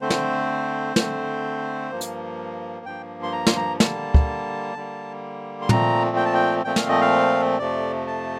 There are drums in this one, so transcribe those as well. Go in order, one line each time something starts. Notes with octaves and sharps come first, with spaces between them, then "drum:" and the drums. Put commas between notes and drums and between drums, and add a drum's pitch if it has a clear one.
D3 A3 C4 C5
drum: snare
D3 A3 C4, drum: snare
G2 F3 A#3
drum: hi-hat
G2 F3 A#3 G5
C6
A#5
C6, drum: snare
A#5
D3 G3 A#3 A5, drum: snare
drum: kick
D3 G3 A#3
C6
A#2 F3 A3 C4 A#5, drum: tom
G5
A5
G5
A#2 F3 A3 C4 G5
F5, drum: snare
D#5
F5
F2 C3 F3 A3 D5
A5